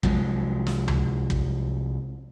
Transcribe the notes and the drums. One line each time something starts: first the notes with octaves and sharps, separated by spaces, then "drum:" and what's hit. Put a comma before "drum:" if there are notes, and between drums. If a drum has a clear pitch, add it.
C2 F3 F#3 G#3, drum: kick
drum: snare
drum: tom C#2
drum: kick